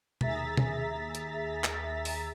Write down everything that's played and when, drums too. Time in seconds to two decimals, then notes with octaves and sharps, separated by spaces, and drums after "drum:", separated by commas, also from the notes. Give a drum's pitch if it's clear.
0.21 D#2 G#4 E5 A#5 A6 B6, drum: tom B2
0.57 drum: tom B2
1.15 drum: hi-hat
1.64 drum: clap
2.05 drum: open hi-hat